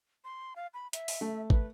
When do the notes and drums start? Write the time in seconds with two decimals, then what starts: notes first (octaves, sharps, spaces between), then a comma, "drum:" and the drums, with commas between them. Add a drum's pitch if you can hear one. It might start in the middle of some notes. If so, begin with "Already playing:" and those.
0.24 C6
0.56 F5
0.74 B5
0.93 E5, drum: hi-hat
1.08 drum: open hi-hat
1.21 A3
1.50 B4, drum: kick